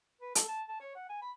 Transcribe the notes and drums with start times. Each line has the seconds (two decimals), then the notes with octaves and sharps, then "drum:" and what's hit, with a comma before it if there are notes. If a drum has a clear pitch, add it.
0.21 B4
0.35 A4, drum: hi-hat
0.49 A5
0.69 A5
0.80 C#5
0.96 F#5
1.09 G#5
1.22 B5